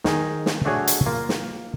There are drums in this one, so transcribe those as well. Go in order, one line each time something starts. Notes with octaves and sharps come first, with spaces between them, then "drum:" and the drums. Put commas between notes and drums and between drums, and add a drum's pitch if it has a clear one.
D#3 D#4 G#4 D#5, drum: snare
drum: snare
A3 D4 F#4 G#4 C#5 F#5
drum: hi-hat
A#3 F4
drum: snare